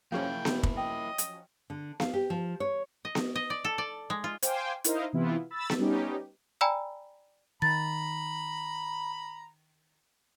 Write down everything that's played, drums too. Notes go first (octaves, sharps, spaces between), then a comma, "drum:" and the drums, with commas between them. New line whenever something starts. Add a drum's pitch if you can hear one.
F3 F#3 A#3 C#4 E4 G#4 F5 G5
drum: snare B3
drum: kick
D#5 G5
drum: hi-hat
D3
F5, drum: snare B3
G4
F3
C#5
D#5
drum: snare B3
D#5
D5
A4
D5
G#3
F4
C5 F5 G5 G#5 C6 D6, drum: hi-hat
D#4 E4 A#4 C5 D#5 F5, drum: hi-hat
C3 E3 B3 E4 F4
B5 E6 A6
drum: snare B3
G3 B3 C#4 D#4 G4
D5 G5 G#5 A#5 B5 E6
D#3 A#5 B5 A6